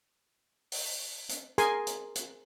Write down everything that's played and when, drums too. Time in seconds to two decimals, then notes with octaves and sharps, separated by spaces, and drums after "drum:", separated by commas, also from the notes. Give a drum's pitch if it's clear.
0.72 drum: open hi-hat
1.29 drum: hi-hat
1.58 G#4 A#4 G#5 C6, drum: hi-hat
1.87 drum: hi-hat
2.16 drum: hi-hat